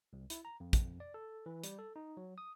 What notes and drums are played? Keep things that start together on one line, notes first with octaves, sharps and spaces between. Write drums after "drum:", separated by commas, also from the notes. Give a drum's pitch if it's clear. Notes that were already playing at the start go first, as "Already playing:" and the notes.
C2
E4, drum: hi-hat
A#5
F2
drum: kick, hi-hat
D5
A4
E3
G3, drum: hi-hat
A4
D#4
F#3
D#6